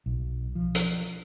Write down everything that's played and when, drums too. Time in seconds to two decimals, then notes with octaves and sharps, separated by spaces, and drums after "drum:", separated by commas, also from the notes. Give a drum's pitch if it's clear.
0.06 B1
0.55 F3
0.75 drum: hi-hat